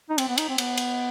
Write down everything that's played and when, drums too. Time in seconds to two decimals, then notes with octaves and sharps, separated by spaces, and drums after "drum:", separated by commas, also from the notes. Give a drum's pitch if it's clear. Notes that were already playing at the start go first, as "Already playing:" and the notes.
0.10 D#4
0.18 C4, drum: cymbal
0.28 B3
0.38 D#4, drum: cymbal
0.49 C4
0.58 B3, drum: cymbal
0.77 drum: cymbal